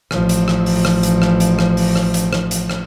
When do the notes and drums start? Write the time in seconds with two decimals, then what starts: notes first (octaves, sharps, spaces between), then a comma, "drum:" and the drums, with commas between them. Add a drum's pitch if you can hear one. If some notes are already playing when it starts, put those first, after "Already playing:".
0.11 A1 F3, drum: rim click
0.29 drum: hi-hat
0.48 drum: rim click
0.66 drum: open hi-hat
0.85 drum: rim click
1.03 drum: hi-hat
1.22 drum: rim click
1.40 drum: hi-hat
1.59 drum: rim click
1.77 drum: open hi-hat
1.96 drum: rim click
2.14 drum: hi-hat
2.33 drum: rim click
2.51 drum: hi-hat
2.70 drum: rim click